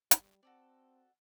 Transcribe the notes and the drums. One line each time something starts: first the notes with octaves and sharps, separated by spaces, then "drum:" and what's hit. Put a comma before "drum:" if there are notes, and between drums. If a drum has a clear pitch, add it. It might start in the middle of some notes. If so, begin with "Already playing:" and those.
G3, drum: hi-hat
C4 F#4 A4 D5